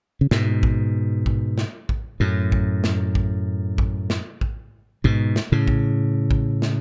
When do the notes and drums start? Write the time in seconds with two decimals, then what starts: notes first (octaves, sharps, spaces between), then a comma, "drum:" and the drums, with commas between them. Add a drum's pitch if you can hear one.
0.21 C#3
0.31 G#2 B2, drum: snare
0.63 drum: kick A1
1.26 drum: kick A1
1.58 drum: snare
1.89 drum: kick A1
2.20 F#2 A2
2.52 drum: kick A1
2.84 drum: snare
3.15 drum: kick A1
3.78 drum: kick A1
4.10 drum: snare
4.41 drum: kick A1
5.04 G#2 B2, drum: kick A1
5.36 drum: snare
5.52 A2 C#3
5.68 drum: kick A1
6.31 drum: kick A1
6.62 drum: snare